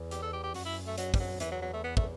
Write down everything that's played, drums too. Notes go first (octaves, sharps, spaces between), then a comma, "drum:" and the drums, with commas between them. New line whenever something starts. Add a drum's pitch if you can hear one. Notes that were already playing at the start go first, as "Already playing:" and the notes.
Already playing: E2
G4, drum: hi-hat
A4
G4
G4
F#2 F#4, drum: open hi-hat
E4
A3
F#3, drum: hi-hat
G3, drum: kick, open hi-hat
F#3
E2 E3, drum: hi-hat
F#3
F#3
A3
B3
A3, drum: kick